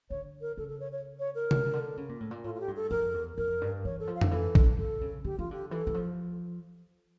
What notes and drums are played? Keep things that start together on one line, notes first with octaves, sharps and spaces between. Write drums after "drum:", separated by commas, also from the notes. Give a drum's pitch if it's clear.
D3 C#5
A#4
C#3 A4
A4
C#5
C#5
C#5
A#4
D3, drum: tom C3
C#3
D3
C#3
A#2
A2
A#2
A2 F4
F4
G4
G2
A4
F2 A#4
E2
F2 A#4
G2
E3 C#5
A4
F3
F5
D3, drum: tom F2
E3 A4
D3, drum: kick A#1
D3 A4
C#3
D3 G4
E3 F4
D3 G4
E3 A4
E3
F3